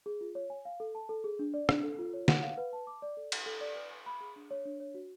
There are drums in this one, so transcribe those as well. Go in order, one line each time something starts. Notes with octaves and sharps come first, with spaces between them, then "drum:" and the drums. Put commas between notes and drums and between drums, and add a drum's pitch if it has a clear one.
G#4
F4
C#5
G#5
F5
A4
A5
A4
G#4
D4
D5
D4, drum: rim click
A4
F4
C#5
F#5, drum: snare
F5
B4
A5
D6
D5
A4
F#5, drum: cymbal
A4
D5
B4
G#5
B5
G#4
D4
C#5
D4
C#5
F#4